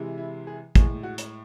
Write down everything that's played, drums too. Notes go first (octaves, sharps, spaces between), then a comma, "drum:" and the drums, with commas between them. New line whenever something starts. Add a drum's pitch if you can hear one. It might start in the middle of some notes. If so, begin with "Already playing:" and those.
Already playing: C3 E3 G#3
E4
G#4
A2 G#3 G#4, drum: kick, hi-hat
F#4
drum: hi-hat